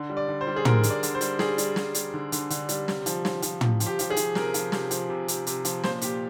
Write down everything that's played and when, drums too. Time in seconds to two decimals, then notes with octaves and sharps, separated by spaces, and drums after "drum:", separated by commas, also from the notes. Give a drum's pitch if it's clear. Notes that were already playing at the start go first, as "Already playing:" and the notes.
Already playing: D3
0.10 G3
0.17 D5
0.28 D3
0.41 C5
0.47 G3
0.56 G#4
0.65 D3 A#4, drum: tom
0.83 D3, drum: hi-hat
0.90 D5
1.03 D3, drum: hi-hat
1.15 C5
1.21 G3, drum: hi-hat
1.39 G3 G#4, drum: snare
1.58 G3, drum: hi-hat
1.76 G3, drum: snare
1.95 G3, drum: hi-hat
2.13 D3
2.32 D3, drum: hi-hat
2.50 D3, drum: hi-hat
2.69 G3, drum: hi-hat
2.88 C3, drum: snare
3.06 F3, drum: hi-hat
3.25 F3, drum: snare
3.42 F3, drum: hi-hat
3.61 C3, drum: tom
3.80 F3, drum: hi-hat
3.86 G4
3.99 F3 G4, drum: hi-hat
4.10 G#4
4.16 F3, drum: hi-hat
4.35 C3 A#4, drum: snare
4.54 F3, drum: hi-hat
4.72 C3, drum: snare
4.91 F3, drum: hi-hat
5.09 C3
5.28 C3, drum: hi-hat
5.47 C3, drum: hi-hat
5.65 F3, drum: hi-hat
5.83 A#2 C5, drum: snare
6.02 A#2 G4, drum: hi-hat